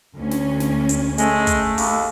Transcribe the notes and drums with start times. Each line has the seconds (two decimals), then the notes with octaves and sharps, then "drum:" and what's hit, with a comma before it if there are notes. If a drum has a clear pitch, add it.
0.17 D2 C#4
0.31 drum: snare
0.60 drum: snare
0.89 drum: hi-hat
1.18 G#3 A3, drum: hi-hat
1.47 drum: kick, hi-hat
1.78 D#2, drum: open hi-hat